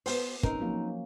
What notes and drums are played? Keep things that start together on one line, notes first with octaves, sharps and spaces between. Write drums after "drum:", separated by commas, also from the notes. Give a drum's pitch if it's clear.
B3 C5, drum: open hi-hat
C4 C#4 D#4 A#4, drum: kick
F3 F#3 A#3